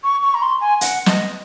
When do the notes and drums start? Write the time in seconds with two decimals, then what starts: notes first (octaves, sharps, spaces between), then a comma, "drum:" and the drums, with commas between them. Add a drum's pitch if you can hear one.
0.04 C#6
0.23 C#6
0.34 A#5
0.42 C6
0.61 G#5
0.81 F#5, drum: hi-hat
1.06 D#5, drum: snare